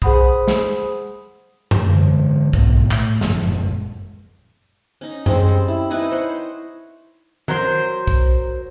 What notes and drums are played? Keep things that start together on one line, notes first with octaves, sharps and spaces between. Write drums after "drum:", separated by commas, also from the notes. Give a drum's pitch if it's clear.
G#4 C5 F#5 B5 D#6, drum: kick B1
drum: snare
drum: tom F#2
D3 E3 G#3
G1 G#2 B2 B3, drum: kick B1
A2, drum: clap
G1 F#2 B2 F3, drum: snare
G1 F#2 A#2 G#3
C#4 D#4
G#3 C4 C#4, drum: tom F#2
G3
E4
D#4 E4 B4 G#5
C5 C#5 F#5
F#3 A#4 C5, drum: tom D#3
drum: kick B1